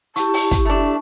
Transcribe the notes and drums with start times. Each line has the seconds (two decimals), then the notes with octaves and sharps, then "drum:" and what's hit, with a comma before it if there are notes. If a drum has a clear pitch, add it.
0.16 E4 G4 A5 C#6, drum: hi-hat
0.34 drum: open hi-hat
0.51 drum: kick, hi-hat
0.65 A3 D4 A5